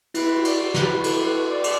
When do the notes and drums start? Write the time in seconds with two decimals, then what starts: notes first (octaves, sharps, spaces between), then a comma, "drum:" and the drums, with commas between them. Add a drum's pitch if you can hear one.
0.14 E4 B4, drum: cymbal
0.37 F#4
0.45 D5, drum: cymbal
0.60 F#4
0.74 B4, drum: snare
0.81 E4
1.00 F#4
1.04 E4 A4, drum: cymbal
1.26 F#4 B4
1.49 D5
1.64 drum: cymbal